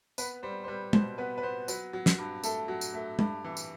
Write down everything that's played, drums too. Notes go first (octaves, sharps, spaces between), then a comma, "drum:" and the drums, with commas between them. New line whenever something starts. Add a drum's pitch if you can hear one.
B3 B4, drum: tambourine
G3 C5
C5
G3 B4
B2 C5, drum: tom
B3 B4
B4
B3 C5
F#3 B4, drum: tambourine
F#3
drum: snare
G2
A3 A4, drum: tambourine
F#3
drum: tambourine
A3
G2, drum: tom
E3
drum: tambourine